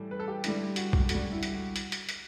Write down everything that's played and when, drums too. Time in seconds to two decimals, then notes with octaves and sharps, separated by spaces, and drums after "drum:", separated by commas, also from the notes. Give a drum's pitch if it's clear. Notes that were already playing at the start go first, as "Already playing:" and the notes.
Already playing: A2 E3 G3
0.11 B4
0.20 A4
0.28 G4
0.44 D3 G3 E4, drum: hi-hat
0.76 F#4, drum: hi-hat
0.93 drum: kick
1.09 D3 F#4, drum: hi-hat
1.14 G3
1.32 E4
1.43 drum: hi-hat
1.53 F#4
1.76 drum: hi-hat
1.92 drum: hi-hat
2.09 drum: hi-hat